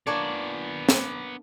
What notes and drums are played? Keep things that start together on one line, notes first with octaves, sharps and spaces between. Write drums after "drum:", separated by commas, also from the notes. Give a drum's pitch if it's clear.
A#3 B3 D4 C#5 D5
drum: snare